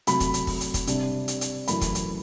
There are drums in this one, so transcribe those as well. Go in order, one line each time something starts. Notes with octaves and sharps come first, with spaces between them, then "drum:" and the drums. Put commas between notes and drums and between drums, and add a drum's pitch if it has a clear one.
C3 F#3 A3 B5, drum: hi-hat
drum: kick, hi-hat
drum: hi-hat
drum: kick, open hi-hat
drum: hi-hat
drum: kick, hi-hat
C3 G3 D4, drum: hi-hat
drum: hi-hat
drum: hi-hat
F#2 E3 A3 B5, drum: hi-hat
drum: kick, hi-hat
drum: hi-hat